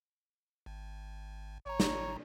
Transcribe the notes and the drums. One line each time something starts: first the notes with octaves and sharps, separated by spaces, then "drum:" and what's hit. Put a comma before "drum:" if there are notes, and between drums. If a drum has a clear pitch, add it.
G#1
G#1 C#5 A#5
drum: snare